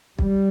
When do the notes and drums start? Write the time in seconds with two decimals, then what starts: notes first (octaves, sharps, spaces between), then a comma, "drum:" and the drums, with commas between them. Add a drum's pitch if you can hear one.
0.19 G3, drum: kick